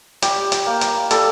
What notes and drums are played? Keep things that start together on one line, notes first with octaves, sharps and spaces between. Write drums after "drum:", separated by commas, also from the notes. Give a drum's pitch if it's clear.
G3 G4, drum: hi-hat
drum: hi-hat
A#3
drum: hi-hat
G3 A4, drum: hi-hat